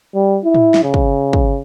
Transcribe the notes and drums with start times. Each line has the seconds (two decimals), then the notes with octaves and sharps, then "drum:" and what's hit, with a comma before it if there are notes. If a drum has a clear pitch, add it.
0.15 G3
0.44 E4
0.54 drum: tom
0.74 drum: snare
0.83 C#3
0.94 drum: kick
1.33 drum: kick